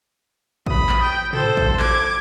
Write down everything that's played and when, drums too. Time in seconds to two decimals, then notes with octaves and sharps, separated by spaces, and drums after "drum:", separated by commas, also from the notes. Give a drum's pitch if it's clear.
0.66 B5 D#6, drum: kick A#1
0.89 drum: clap
1.02 G5
1.33 A4 C5, drum: tom G#2
1.57 drum: kick A#1
1.80 D6 G#6, drum: clap